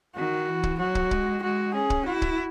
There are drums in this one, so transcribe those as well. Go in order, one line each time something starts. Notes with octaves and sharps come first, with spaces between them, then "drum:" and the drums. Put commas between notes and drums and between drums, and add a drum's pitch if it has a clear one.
D#3 F#4
E3
drum: kick
F#3 F#4
drum: kick
G#3, drum: kick
G#3 F#4
C#4 G#4
drum: kick
E4 F#4
drum: kick